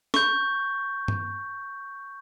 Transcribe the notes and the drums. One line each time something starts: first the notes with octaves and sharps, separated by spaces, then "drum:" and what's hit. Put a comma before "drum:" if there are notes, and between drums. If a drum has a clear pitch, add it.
C#6 G6, drum: snare
drum: tom G2